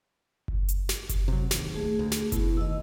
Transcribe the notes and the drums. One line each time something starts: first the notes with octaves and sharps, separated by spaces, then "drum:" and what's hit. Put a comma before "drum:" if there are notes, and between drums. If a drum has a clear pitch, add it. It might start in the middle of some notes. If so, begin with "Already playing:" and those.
drum: kick F#1
drum: hi-hat
drum: snare
drum: kick F#1, hi-hat
C3 F#3
D1 D#2, drum: snare
A3 G#4
D2
drum: snare
B2 E4, drum: kick F#1, hi-hat
D#2 D#5 E6